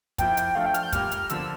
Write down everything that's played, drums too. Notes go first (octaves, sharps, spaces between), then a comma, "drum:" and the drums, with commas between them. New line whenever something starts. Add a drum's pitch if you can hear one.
F3 A#3 E4 G5, drum: kick, hi-hat
drum: hi-hat
F3 A3 D4 F5
G5
F6, drum: hi-hat
G6
A#2 G3 A#3 F6, drum: kick, hi-hat
drum: hi-hat
D3 F3 A#3 D4 E6, drum: hi-hat